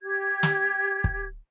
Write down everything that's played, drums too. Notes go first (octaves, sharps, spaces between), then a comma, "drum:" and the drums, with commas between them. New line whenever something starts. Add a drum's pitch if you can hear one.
G4 G#6
drum: snare
drum: kick